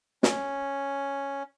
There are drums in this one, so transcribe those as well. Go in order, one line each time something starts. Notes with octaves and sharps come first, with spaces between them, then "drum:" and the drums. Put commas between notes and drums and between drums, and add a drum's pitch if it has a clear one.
C#4, drum: snare